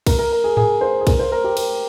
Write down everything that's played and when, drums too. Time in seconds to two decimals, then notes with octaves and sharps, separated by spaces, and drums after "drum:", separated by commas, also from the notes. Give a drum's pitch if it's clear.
0.07 A#4, drum: kick, cymbal
0.18 A#4
0.32 A#4
0.44 G#4
0.57 G#4, drum: tom G#2
0.81 C5
1.01 G#4
1.07 A#4, drum: kick, cymbal
1.20 C5
1.32 A#4
1.44 G4
1.57 A#4, drum: cymbal